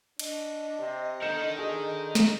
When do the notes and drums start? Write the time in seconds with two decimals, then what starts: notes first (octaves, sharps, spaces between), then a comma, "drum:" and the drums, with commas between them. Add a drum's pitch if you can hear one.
0.19 D4 D#5, drum: cymbal
0.79 C3
1.22 D3 D#4 A#4 G6 C#7 E7
1.59 G#4
2.15 drum: snare